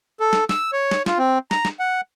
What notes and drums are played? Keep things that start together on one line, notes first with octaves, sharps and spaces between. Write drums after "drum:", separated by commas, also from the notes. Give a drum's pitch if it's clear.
A4
drum: snare
E6, drum: snare
C#5
drum: snare
F4, drum: snare
C4
A#5, drum: snare
drum: snare
F#5